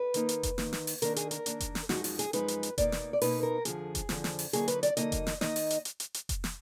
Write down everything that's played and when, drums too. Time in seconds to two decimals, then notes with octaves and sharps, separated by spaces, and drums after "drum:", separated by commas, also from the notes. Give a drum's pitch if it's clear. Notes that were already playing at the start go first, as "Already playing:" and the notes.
Already playing: B4
0.14 D#3 A#3 D#4, drum: hi-hat
0.29 drum: hi-hat
0.43 drum: kick F1, hi-hat
0.58 D#3 A#3 D#4, drum: snare
0.73 drum: snare
0.87 drum: open hi-hat
1.02 D#3 A#3 D4 A#4, drum: hi-hat
1.16 G#4, drum: hi-hat
1.31 A#4, drum: hi-hat
1.46 D#3 A#3 D4, drum: hi-hat
1.60 drum: kick F1, hi-hat
1.75 drum: snare
1.89 F#2 F3 G#3 D#4 F#4, drum: snare
2.04 F#4, drum: open hi-hat
2.19 G#4, drum: hi-hat
2.33 F#2 F3 G#3 D#4 B4, drum: hi-hat
2.48 drum: hi-hat
2.63 drum: hi-hat
2.78 B2 A#3 D#4 D5, drum: kick F1, hi-hat
2.92 drum: snare
3.13 D5
3.21 B2 A#3 D#4 B4, drum: open hi-hat
3.43 A#4
3.65 F2 D3 F3 G#4, drum: hi-hat
3.95 drum: kick F1, hi-hat
4.09 F2 D3 F3, drum: snare
4.24 drum: snare
4.39 drum: open hi-hat
4.53 D3 F#3 A#3 D#4 G#4, drum: hi-hat
4.68 B4, drum: hi-hat
4.83 D5, drum: hi-hat
4.97 D3 F#3 A#3 D#4 D#5, drum: hi-hat
5.12 drum: kick F1, hi-hat
5.27 drum: snare
5.41 D#3 A#3 D#4 D#5, drum: snare
5.56 drum: open hi-hat
5.70 drum: hi-hat
5.85 drum: hi-hat
6.00 drum: hi-hat
6.14 drum: hi-hat
6.29 drum: kick F1, hi-hat
6.44 drum: snare